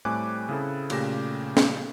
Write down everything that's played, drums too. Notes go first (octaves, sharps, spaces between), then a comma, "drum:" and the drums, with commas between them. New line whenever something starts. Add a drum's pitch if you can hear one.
A2 G3 C4 G#5 D6 F#6
C#3 C4 E4 G#4 A4
A#2 C#3 A3 G4 A#6 E7, drum: cymbal
drum: snare